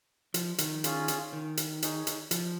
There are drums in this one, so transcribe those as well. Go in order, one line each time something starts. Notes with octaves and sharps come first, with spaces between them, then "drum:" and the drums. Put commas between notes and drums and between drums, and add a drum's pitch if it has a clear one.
F3, drum: hi-hat
D#3, drum: hi-hat
C#4 F4 G#4, drum: hi-hat
drum: hi-hat
D#3
drum: hi-hat
D#4 G#4 C#5, drum: hi-hat
drum: hi-hat
F3, drum: hi-hat